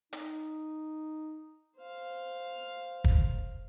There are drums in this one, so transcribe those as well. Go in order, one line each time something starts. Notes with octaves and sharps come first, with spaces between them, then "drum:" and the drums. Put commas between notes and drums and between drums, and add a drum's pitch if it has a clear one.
D#4, drum: hi-hat
C5 F5
drum: kick